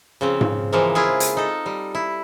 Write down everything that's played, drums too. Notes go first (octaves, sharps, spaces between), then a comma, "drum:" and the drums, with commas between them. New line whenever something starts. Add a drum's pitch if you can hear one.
C#3 F3 C4
drum: tom G#2
E3 F3 G#3 A#3
E4 F4 G#4
drum: hi-hat
D#4 A4
G3
E4